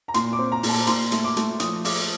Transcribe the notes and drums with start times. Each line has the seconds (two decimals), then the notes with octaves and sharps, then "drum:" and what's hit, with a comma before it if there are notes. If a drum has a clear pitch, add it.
0.08 A#5
0.14 A#2 C6, drum: hi-hat
0.33 D6
0.38 C4
0.52 A#5
0.63 A#2, drum: open hi-hat
0.69 A5
0.87 A#2 C6, drum: hi-hat
1.12 A3, drum: hi-hat
1.24 D6
1.37 A3, drum: hi-hat
1.60 F3 D#6, drum: hi-hat
1.85 F4 D6, drum: open hi-hat